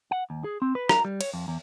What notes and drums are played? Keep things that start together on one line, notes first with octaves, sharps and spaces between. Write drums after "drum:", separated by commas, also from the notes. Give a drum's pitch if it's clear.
F#5
D#2
G#4
C4
B4
A#5, drum: rim click
G3
C#5, drum: cymbal
F2
E2